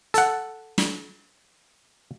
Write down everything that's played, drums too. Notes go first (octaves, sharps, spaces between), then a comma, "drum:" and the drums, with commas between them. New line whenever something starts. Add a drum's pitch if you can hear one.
A4 F#5, drum: hi-hat
drum: snare